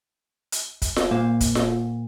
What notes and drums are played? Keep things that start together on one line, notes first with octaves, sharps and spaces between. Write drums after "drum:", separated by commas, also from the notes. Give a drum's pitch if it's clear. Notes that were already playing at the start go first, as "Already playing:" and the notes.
drum: hi-hat
drum: kick, hi-hat
drum: snare F4
A#2 A#3 C5 F5
drum: kick, hi-hat
drum: snare F4